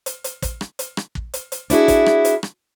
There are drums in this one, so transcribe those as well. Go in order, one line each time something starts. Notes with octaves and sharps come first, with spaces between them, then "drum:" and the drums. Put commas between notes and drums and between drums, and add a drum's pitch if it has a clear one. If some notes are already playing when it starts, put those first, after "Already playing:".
drum: hi-hat
drum: hi-hat
drum: kick, hi-hat
drum: rim click
drum: hi-hat
drum: rim click
drum: kick
drum: hi-hat
drum: hi-hat
D4 E4 F#4 G#4, drum: hi-hat
drum: kick, hi-hat
drum: rim click
drum: hi-hat
drum: rim click